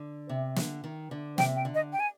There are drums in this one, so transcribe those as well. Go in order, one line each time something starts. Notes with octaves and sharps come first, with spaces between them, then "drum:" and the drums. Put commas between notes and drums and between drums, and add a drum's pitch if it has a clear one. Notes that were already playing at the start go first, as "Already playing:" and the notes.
Already playing: D3
C3
D3, drum: snare
D#3
D3
C3 G5, drum: snare
G5
D3
D#5
G5
G#5